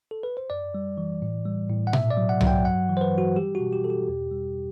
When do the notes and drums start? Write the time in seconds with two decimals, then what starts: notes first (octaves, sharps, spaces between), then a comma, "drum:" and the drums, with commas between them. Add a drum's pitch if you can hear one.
0.11 A4
0.23 B4
0.37 C5
0.50 F#2 D5
0.74 G3
0.98 E3
1.22 A2
1.45 G3
1.70 A2
1.87 F#5
1.93 B2 E5, drum: tom A#2
2.10 D5
2.17 F#3
2.29 F#5
2.41 F#3, drum: tom C2
2.47 G5
2.65 G2 F#5
2.89 E3
2.97 C5
3.01 B4
3.13 E3
3.18 F#4
3.36 G3 G4
3.55 F#4
3.61 B2
3.73 G4
3.84 B2 A4
3.90 G4
4.09 E2
4.31 G3